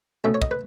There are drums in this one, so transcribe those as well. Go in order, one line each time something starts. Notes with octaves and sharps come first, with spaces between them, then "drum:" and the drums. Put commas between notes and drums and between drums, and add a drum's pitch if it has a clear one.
B2 A3 C#4 E5
C#5
D#5, drum: kick
B4